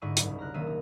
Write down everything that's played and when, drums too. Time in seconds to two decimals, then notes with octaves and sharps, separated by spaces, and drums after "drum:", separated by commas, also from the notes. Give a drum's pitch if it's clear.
0.02 G#2 D3 D#4 E4 C#6 D#7
0.17 F#1 C2, drum: hi-hat
0.38 A#5 F6 F#6
0.54 D#1 D#3 A#3 E5 D#7
0.66 D#4